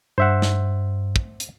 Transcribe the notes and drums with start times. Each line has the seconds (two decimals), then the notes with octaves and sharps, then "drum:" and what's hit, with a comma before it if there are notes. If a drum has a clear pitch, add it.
0.18 G2 C5 E5 F#5
0.42 drum: snare
1.16 drum: kick
1.40 drum: hi-hat